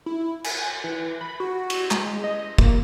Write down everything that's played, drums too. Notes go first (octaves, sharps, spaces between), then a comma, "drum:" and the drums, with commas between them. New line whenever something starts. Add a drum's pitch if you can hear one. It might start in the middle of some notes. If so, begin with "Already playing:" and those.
E4
G#5, drum: cymbal
E3
B5
F#4
drum: cymbal
G#3, drum: clap
D#5
A#3, drum: kick